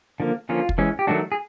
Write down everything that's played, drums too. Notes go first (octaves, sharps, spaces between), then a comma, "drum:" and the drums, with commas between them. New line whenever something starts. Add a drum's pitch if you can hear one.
D3 F3 A#3
D3 F3 A#3 C#4 F4
drum: kick
E3 G#3 C#4
G4
D#3 F#3 A3 D4 F#4
G#4